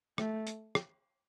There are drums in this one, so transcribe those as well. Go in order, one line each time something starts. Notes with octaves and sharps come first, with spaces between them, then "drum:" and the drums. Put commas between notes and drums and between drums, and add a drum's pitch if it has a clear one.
A3, drum: rim click
drum: hi-hat
drum: rim click